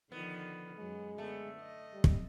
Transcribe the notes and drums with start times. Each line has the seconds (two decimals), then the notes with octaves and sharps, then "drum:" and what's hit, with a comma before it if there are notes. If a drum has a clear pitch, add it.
0.12 D3 D#3 F3 B3
0.78 F#2 F#3 G#3
1.18 D3 A3 B3
1.60 D#5
1.93 G3
2.04 drum: kick